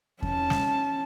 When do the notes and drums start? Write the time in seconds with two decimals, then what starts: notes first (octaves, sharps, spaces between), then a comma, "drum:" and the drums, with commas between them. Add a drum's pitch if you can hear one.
0.22 C#4 A5, drum: kick E2
0.50 drum: snare